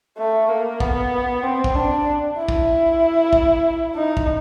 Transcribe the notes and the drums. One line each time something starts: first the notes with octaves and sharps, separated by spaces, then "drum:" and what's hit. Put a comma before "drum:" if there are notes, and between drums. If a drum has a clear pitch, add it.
A3
A#3
B3, drum: kick
C4
drum: kick
D4
E4
drum: kick
drum: kick
D#4
drum: kick